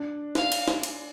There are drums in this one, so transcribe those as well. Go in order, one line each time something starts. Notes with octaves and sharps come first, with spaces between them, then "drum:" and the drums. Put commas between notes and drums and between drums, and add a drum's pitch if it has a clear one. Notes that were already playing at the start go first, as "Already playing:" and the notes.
Already playing: D4
F5, drum: snare
drum: cymbal
drum: snare
drum: cymbal